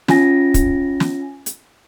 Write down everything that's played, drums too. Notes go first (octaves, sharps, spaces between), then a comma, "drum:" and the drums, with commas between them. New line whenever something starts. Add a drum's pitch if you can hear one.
C#4 F4 G#5 A#6, drum: snare
drum: kick, hi-hat
drum: snare
drum: hi-hat